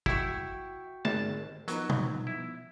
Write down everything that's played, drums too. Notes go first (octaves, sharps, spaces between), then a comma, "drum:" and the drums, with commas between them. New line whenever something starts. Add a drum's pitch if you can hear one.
E4 F#4 G5 C#6, drum: kick
G#1 A5, drum: tom
F3 F#3 B3 D#4, drum: hi-hat
drum: tom
E4